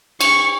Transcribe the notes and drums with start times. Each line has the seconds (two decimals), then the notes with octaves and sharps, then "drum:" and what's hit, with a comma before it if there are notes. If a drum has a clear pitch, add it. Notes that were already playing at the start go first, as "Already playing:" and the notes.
0.21 C#6, drum: cymbal